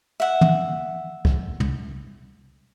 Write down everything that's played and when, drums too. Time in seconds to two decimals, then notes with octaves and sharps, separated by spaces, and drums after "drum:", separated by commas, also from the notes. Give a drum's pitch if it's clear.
0.20 E5 F#5
0.41 drum: tom
1.25 drum: kick C2
1.60 drum: tom